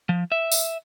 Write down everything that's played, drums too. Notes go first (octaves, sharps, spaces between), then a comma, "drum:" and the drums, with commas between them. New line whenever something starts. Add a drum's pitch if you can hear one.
F3
E5
drum: tambourine